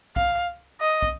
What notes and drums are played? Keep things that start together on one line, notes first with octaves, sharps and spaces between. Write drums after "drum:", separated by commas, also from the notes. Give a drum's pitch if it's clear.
F5, drum: kick
D#5
drum: kick